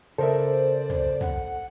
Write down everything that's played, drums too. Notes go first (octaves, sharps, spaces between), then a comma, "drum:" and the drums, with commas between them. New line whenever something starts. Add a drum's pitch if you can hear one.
C#3 A4 A#4 C5 D5 E5
drum: tom
F#5, drum: tom